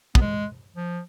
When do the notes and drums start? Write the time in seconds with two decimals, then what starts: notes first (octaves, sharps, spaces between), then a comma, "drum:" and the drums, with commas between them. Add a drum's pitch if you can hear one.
0.15 B3, drum: kick
0.21 G#3
0.76 F3